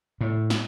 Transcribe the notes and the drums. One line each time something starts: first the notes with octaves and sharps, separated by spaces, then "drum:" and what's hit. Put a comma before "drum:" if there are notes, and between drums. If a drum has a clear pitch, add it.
A2
drum: snare